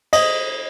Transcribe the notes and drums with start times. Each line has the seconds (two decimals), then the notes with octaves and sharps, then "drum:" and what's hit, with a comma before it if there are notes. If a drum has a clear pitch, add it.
0.13 D#5, drum: cymbal